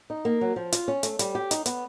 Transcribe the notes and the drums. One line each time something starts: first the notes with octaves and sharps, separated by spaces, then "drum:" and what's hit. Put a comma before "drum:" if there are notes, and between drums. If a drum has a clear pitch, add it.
D#4
A#3
F#3
F3
F4, drum: hi-hat
C#4
A3, drum: hi-hat
G3, drum: hi-hat
G4
D#4, drum: hi-hat
B3, drum: hi-hat